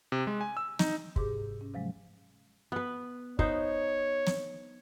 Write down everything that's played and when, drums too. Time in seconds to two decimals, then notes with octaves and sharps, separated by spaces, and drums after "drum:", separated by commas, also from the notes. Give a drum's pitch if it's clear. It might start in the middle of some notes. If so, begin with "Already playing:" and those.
0.12 C3
0.27 G#3
0.41 G#5
0.57 E6
0.79 D#4, drum: snare
1.16 G#2 C3 G4 G#4 D6, drum: kick
1.61 C#4
1.74 C3 F3 F#3 G#3
2.72 B3 B4
3.39 B3 D#4 C5 C#5, drum: kick
4.27 drum: snare